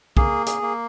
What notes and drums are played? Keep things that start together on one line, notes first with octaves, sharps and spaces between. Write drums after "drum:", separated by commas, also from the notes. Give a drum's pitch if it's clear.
A#3 G#4, drum: kick
G#4, drum: hi-hat
A#3